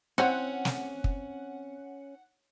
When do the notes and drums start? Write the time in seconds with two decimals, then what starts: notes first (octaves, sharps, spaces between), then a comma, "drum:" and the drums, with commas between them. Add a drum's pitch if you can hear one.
0.18 E3 C4 C#4 C5 C#5 F#5
0.65 drum: snare
1.04 drum: kick